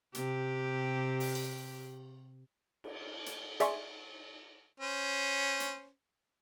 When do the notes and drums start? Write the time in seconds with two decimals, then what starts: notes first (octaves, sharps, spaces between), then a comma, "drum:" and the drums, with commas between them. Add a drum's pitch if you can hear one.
0.15 C3 G4, drum: hi-hat
1.20 drum: open hi-hat
1.35 drum: cymbal
2.84 drum: cymbal
3.26 drum: hi-hat
3.60 G#4 D5 E5 G#5 C6 C#6, drum: hi-hat
4.80 C#4 C5
5.60 drum: hi-hat